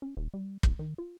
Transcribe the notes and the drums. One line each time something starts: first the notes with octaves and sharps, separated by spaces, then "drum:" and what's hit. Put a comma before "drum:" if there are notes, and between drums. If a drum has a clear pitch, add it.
C#4
D#1
G3
D1, drum: kick
D#3
F4